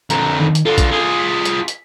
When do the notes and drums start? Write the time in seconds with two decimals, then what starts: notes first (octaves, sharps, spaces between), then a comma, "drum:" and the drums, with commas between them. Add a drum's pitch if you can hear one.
0.10 F2 D3 A#5, drum: hi-hat
0.40 D#3
0.55 drum: hi-hat
0.66 D3 F4 A4
0.78 drum: kick A#1, hi-hat
0.92 F4 G#4
1.18 B6
1.45 drum: hi-hat
1.68 drum: hi-hat